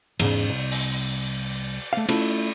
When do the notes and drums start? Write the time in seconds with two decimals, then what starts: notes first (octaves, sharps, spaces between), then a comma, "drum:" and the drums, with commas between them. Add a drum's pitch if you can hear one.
0.20 E2 G#2 C#3, drum: cymbal
0.50 C2
0.72 drum: open hi-hat
1.93 A3 F5
2.09 A3 C#4 E4 F4, drum: cymbal